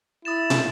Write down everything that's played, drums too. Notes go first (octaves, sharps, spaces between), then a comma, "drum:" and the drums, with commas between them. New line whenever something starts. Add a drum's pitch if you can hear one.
E4 D#6 A6 E7
drum: tom